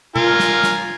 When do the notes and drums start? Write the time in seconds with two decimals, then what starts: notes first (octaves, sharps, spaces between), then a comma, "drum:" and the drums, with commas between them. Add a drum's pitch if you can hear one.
0.16 F4 A#4 G#5, drum: tom B2
0.40 drum: snare
0.63 drum: snare